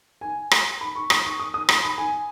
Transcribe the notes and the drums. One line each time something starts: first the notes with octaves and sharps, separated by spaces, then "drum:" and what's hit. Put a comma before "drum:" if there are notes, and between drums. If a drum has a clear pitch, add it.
G#5
drum: rim click
B5
C#6
D#6, drum: rim click
C#6
D#6
D#6
D#6, drum: rim click
B5
G#5